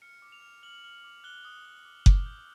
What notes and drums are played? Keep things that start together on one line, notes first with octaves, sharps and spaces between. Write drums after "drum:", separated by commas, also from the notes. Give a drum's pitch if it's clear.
F6 C#7
D6
F7
F6
F6 F#7
F6
D6
F#6 G7
D#6
D#6
D6
D6, drum: kick F#1
G6